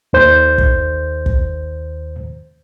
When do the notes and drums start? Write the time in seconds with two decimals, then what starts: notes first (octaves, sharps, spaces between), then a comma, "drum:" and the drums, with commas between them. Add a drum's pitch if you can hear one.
0.13 D#2 D#3 C5 G6
0.58 drum: kick
1.26 drum: kick